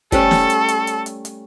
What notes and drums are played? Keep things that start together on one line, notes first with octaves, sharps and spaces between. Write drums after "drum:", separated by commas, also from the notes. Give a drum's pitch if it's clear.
G3 A3 C#4 A4, drum: kick, hi-hat
drum: snare
drum: hi-hat
drum: hi-hat
drum: hi-hat
drum: hi-hat
drum: hi-hat